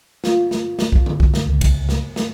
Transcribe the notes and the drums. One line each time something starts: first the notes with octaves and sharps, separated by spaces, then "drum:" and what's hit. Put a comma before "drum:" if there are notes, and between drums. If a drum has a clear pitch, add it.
F4, drum: snare
drum: snare
drum: snare
drum: kick
drum: tom D3
drum: kick
drum: snare
C#2
drum: kick, cymbal
drum: snare
drum: snare